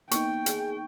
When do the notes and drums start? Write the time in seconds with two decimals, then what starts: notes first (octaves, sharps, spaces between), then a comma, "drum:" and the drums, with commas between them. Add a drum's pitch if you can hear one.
0.11 A#3 B3 D#4 G5 C#6, drum: hi-hat
0.46 G#4, drum: hi-hat